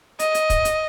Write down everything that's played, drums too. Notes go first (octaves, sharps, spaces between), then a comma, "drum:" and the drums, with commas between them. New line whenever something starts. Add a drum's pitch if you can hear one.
D#5, drum: hi-hat
drum: hi-hat
drum: kick, hi-hat
drum: hi-hat